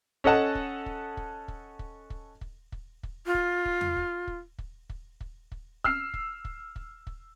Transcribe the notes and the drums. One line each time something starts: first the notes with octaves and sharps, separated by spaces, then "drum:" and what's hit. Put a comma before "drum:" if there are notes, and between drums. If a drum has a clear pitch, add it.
C#4 A4 D#5 F#5 A5, drum: kick
drum: kick
drum: kick
drum: kick
drum: kick
drum: kick
drum: kick
drum: kick
drum: kick
drum: kick
F4
drum: kick
drum: kick
drum: tom E2
drum: kick
drum: kick
drum: kick
drum: kick
drum: kick
drum: kick
E6 F6 C7, drum: kick
drum: kick
drum: kick
drum: kick
drum: kick